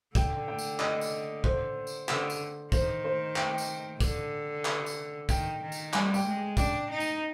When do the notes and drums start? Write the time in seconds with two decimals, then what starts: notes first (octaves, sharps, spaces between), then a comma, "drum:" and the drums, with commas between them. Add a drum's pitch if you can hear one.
0.15 D3 G5, drum: kick, tambourine
0.48 G5
0.59 drum: tambourine
0.79 D#5, drum: clap
1.01 drum: tambourine
1.44 C5, drum: kick
1.87 drum: tambourine
2.09 D3, drum: clap
2.30 drum: tambourine
2.72 D#3 C5, drum: kick, tambourine
3.05 C5
3.36 G5, drum: clap
3.58 drum: tambourine
4.00 D3, drum: kick, tambourine
4.65 drum: clap
4.86 drum: tambourine
5.29 D#3 G5, drum: kick, tambourine
5.62 D#3
5.72 drum: tambourine
5.93 G3 G#5, drum: clap
6.14 G5, drum: tambourine
6.26 G#3
6.57 D4 G5, drum: kick, tambourine
6.90 D#4
7.00 drum: tambourine